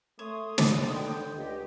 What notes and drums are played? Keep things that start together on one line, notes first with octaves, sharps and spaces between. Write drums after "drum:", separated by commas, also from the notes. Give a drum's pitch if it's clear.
A3 C#5 C6 D#6
D3 B4 D5, drum: snare
G5
C#2 G4 D#5